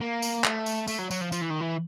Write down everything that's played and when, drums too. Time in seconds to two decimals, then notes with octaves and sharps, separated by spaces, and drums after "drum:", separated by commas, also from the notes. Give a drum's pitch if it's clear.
0.01 A#3
0.22 drum: tambourine
0.44 A3, drum: clap
0.66 drum: tambourine
0.88 A3, drum: tambourine
0.99 F#3
1.11 F#3, drum: tambourine
1.21 F3
1.32 F3, drum: tambourine
1.41 E3
1.50 D#3
1.61 E3